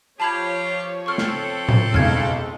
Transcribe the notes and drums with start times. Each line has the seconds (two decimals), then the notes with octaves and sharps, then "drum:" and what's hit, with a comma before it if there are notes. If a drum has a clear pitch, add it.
0.20 F3 F4 G4 C#5 A5 B5 G#6
1.06 C4 A4 C#6 F6
1.18 drum: snare
1.69 drum: tom A2
1.94 F#1 B1 G#3 F4 F6 G#6, drum: tom E2